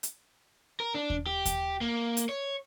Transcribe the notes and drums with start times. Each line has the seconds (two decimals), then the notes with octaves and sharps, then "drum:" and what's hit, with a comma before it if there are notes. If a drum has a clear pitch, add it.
0.03 drum: hi-hat
0.80 A#4
0.95 D4
1.10 drum: kick D#2
1.26 G4
1.45 drum: kick D#2, hi-hat
1.81 A#3
2.17 drum: hi-hat
2.29 C#5